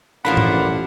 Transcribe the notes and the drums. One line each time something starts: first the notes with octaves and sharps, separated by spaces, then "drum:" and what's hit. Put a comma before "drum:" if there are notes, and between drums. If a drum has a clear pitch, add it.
A1 F3 A#3 D4 F#5 B5
drum: tom A2